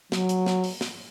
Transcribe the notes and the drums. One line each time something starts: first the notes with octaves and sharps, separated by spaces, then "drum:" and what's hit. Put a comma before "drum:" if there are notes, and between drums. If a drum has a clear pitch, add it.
F#3, drum: snare
drum: hi-hat
drum: snare
drum: open hi-hat
drum: snare